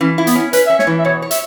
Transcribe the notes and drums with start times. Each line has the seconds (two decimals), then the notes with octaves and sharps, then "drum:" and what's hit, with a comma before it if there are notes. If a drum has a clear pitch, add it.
0.01 E3 C#4
0.18 E4
0.27 B3, drum: hi-hat
0.35 C#4
0.53 C#4 B4, drum: hi-hat
0.67 C#4 E5
0.79 C#5, drum: snare
0.87 E3
0.99 E5
1.05 B2 C#5
1.22 C#5
1.31 E5, drum: hi-hat